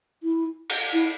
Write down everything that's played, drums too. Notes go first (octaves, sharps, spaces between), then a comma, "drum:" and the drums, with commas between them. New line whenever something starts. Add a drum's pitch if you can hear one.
E4
drum: cymbal
E4